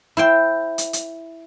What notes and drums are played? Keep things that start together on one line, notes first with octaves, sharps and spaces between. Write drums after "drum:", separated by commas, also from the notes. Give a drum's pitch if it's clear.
E4 C5 G5
drum: hi-hat
drum: hi-hat